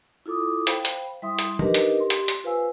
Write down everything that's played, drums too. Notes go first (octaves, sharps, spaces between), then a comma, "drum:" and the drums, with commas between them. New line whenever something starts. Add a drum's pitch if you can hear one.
E4 F4 A4 D6 D#6
C5 F5 G5 B5, drum: hi-hat
drum: hi-hat
G3 E4 E5 C6 D#6
drum: hi-hat
D4 D#4 G4 A#4 B4 D#5, drum: tom
drum: hi-hat
G4 C6
drum: hi-hat
drum: hi-hat
F4 B4 C5 F5 G#5 E6